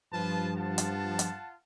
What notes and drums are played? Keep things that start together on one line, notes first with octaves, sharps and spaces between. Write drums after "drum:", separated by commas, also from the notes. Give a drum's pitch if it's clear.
G2 F3 F4 B4 A5
F4 F#5 A5
drum: hi-hat
drum: hi-hat